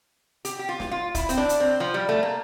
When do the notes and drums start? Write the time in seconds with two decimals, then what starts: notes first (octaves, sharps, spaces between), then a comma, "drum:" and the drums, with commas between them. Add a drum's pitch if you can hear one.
0.45 G4, drum: hi-hat
0.59 G4
0.69 F4
0.80 drum: snare
0.91 F4
1.15 E4, drum: kick, hi-hat
1.29 C4, drum: hi-hat
1.38 D4
1.49 drum: hi-hat
1.60 C4
1.80 F3
1.94 G3
2.09 A3
2.23 A#3